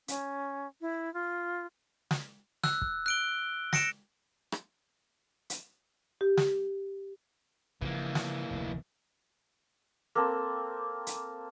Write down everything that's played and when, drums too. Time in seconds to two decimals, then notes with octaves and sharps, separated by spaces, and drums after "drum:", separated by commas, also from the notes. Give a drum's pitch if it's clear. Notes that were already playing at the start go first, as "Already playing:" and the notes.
0.08 C#4, drum: hi-hat
0.81 E4
1.14 F4
2.11 drum: snare
2.64 E6 F#6, drum: snare
2.82 drum: kick
3.06 F#6 D7 G7
3.73 A#6 C#7 D7 E7, drum: snare
4.52 drum: rim click
5.50 drum: hi-hat
6.21 G4
6.37 drum: snare
7.81 C#3 E3 F3 A#3, drum: kick
8.15 drum: snare
8.51 F1 D2
10.15 A#3 C4 A4
11.07 drum: hi-hat